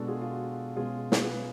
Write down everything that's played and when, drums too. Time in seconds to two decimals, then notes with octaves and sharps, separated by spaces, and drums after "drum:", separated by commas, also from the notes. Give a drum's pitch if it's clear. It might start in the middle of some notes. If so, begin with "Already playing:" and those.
Already playing: B2 G#3 D4 F#4 A4
0.08 F4 G#4
0.22 F4
0.31 F#4
0.76 B2 G#3 C#4 F4 G#4
1.12 drum: snare
1.22 G#4 B4